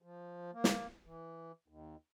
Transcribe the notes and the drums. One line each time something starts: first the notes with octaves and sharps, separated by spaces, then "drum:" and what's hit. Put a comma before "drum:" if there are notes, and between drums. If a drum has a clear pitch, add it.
F3
A#3
drum: snare
E3
D#2